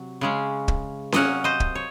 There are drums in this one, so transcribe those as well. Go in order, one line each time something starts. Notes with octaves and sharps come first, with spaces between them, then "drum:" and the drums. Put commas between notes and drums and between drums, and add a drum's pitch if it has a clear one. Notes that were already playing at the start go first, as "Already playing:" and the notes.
Already playing: C3 F#3
C#3 G#3 C#4
drum: kick
C3 F#3 A#3 C#4 D#5 F#5, drum: snare C#4
C5 D#5
drum: kick
C#5